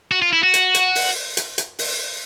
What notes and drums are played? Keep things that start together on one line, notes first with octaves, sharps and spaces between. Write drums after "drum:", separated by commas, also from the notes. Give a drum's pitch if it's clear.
F#4
F4
E4
F#4
drum: hi-hat
drum: hi-hat
drum: open hi-hat
drum: hi-hat
drum: hi-hat
drum: open hi-hat